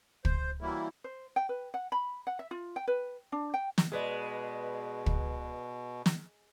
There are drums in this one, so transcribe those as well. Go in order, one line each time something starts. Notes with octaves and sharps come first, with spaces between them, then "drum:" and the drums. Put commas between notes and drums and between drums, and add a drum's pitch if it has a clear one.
C5, drum: kick
E3 F#3 G3 A#3 E4
C5
G5
B4
F#5
B5
F#5
E5
F4
G5
B4
D4
G5
drum: snare
B2 G#3 G#4 B4 D5
drum: kick
drum: snare